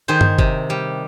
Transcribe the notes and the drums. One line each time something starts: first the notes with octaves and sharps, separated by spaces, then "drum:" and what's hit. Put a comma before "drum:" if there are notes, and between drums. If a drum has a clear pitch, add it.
D#3 G#4 C5
drum: tom G2
C3, drum: kick
G3